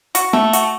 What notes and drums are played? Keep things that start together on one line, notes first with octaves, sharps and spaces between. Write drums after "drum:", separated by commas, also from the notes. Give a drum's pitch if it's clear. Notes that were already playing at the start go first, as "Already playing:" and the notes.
F#4, drum: hi-hat
A3, drum: tom A3
F#4, drum: hi-hat